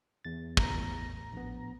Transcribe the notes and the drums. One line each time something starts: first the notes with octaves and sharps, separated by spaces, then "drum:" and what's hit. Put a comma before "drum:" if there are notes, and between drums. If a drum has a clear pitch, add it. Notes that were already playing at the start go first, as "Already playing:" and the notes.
E2 A6
A1 A#5 A#6, drum: kick
A#1 B3